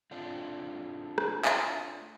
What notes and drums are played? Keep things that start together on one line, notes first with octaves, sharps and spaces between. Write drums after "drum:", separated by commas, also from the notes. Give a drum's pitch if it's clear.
A3 C4 D4 F4
drum: rim click
drum: clap